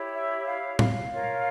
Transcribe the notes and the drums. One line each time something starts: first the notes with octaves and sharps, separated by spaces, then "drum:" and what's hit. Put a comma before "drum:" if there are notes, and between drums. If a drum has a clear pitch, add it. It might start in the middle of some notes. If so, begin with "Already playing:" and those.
Already playing: E4 G4 C#5
E5
F5
F5, drum: tom A2
F4 A#4 C#5